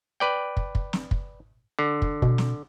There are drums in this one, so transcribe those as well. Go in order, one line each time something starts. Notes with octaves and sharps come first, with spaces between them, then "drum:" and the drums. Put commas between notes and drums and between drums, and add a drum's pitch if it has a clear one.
B4 D5 G5
drum: kick
drum: kick
drum: snare
drum: kick
D3
drum: kick
B2, drum: kick
drum: snare